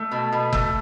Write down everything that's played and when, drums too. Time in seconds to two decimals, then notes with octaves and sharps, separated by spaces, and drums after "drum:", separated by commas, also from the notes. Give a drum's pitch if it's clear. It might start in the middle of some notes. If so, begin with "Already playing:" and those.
Already playing: A3
0.12 B2
0.33 B2
0.53 A3, drum: kick F#1